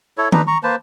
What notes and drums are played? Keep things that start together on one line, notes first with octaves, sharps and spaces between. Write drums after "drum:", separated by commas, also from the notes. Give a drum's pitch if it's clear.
E4 A4 C#5
D4 D#4 B4 A#5, drum: tom D#3
A#5 C#6
A#3 B4 C5 A5